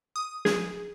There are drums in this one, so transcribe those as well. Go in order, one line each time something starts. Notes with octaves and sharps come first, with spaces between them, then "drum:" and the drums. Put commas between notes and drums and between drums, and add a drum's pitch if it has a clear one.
D#6
G#4, drum: snare